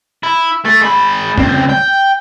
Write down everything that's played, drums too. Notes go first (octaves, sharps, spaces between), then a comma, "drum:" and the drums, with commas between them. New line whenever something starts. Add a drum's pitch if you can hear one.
E4
A3 A4
G#3 B5
C#2 C4, drum: tom E2
G5